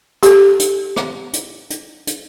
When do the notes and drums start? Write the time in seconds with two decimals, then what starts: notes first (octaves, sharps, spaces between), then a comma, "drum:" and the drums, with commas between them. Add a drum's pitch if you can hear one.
0.23 G4 A4, drum: hi-hat
0.60 drum: hi-hat
0.96 drum: rim click
1.33 drum: hi-hat
1.70 drum: hi-hat
2.07 drum: hi-hat